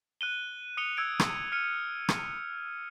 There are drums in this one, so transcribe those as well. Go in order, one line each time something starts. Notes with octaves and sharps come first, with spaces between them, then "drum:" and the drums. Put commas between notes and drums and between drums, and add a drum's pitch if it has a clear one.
F#6 D#7 G7
D#6 C#7 D#7 F7 G7
E6 G#6 D7
drum: rim click
F6 C#7 D#7
drum: rim click